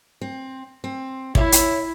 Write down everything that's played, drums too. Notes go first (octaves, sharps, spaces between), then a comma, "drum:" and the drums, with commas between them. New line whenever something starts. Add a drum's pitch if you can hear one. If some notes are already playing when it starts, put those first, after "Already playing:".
C4
C4
E4 C#5 E5, drum: kick
drum: hi-hat